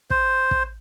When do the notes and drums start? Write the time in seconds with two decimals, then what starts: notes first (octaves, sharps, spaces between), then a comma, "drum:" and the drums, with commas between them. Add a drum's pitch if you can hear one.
0.10 C5, drum: kick
0.51 drum: kick